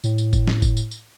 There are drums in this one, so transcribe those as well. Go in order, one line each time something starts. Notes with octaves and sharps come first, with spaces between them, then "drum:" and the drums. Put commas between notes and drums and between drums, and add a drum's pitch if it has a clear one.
A2, drum: tambourine
drum: tambourine
drum: kick, tambourine
drum: snare
drum: kick, tambourine
drum: tambourine
drum: tambourine